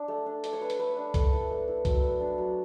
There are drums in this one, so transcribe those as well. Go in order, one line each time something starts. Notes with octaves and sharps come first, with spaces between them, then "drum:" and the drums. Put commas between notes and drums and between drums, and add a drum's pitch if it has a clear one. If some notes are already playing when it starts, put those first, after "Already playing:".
Already playing: D4 D5
A3
D4
A3 D5, drum: hi-hat
C#5
D4 B4
C#5, drum: hi-hat
A3 B4
D4
A3 A4, drum: kick C2, hi-hat
E4
A3
E4
F#3, drum: kick C2, hi-hat
B3
D4
F#3